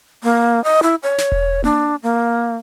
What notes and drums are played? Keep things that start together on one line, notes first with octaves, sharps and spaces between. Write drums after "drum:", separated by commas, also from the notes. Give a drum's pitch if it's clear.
A#3
D#5
E4
C#5
drum: snare
drum: kick E1
D4, drum: tom A#3
A#3